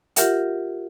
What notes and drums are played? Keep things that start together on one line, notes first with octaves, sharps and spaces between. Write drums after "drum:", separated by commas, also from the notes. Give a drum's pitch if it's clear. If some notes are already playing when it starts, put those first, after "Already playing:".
F4 G4 A#4 E5 F#5, drum: hi-hat